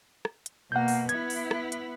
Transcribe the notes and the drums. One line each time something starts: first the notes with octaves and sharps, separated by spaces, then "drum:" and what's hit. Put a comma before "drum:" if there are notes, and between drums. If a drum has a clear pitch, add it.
drum: rim click
drum: hi-hat
B2 A#3 F#5 G6
drum: open hi-hat
B3 E4 G#6, drum: hi-hat
drum: open hi-hat
drum: rim click
drum: hi-hat